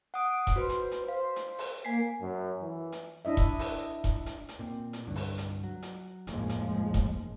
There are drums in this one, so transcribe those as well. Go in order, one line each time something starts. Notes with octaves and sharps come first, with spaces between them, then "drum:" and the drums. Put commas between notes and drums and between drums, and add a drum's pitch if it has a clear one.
F#5 D#6 D7
drum: kick E1, hi-hat
F#4 B4 C5
drum: hi-hat
drum: hi-hat
C5 F5
drum: hi-hat
drum: open hi-hat
A#3 G#5 B6 C7
F#2
E3
drum: hi-hat
D4 E4 D#5 E5
drum: kick E1, hi-hat
drum: open hi-hat
drum: kick E1, hi-hat
drum: hi-hat
drum: hi-hat
A#2 C4
drum: hi-hat
C2 G2 D3
drum: open hi-hat
drum: hi-hat
F#3
drum: hi-hat
F1 A#1 D#2 A2 F3 G#3, drum: hi-hat
drum: hi-hat
drum: kick E1, hi-hat